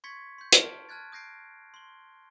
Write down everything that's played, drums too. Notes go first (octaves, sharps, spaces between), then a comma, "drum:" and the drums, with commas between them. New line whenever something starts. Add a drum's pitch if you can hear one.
C6 C#6 G#6 A6 B6 C#7
C6 G6
A5 F6 D7, drum: hi-hat
A5 F6 F#6 G#6 A6
D#6 G6 A#6 C7 D7
C6 G7